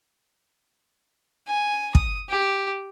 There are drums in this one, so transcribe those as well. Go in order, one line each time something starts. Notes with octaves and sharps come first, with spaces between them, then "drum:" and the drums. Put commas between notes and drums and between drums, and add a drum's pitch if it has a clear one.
G#5
D#6, drum: kick
G4